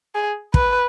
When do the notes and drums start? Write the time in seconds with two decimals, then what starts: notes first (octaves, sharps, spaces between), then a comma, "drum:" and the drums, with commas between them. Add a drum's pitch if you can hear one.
0.15 G#4
0.54 B4, drum: kick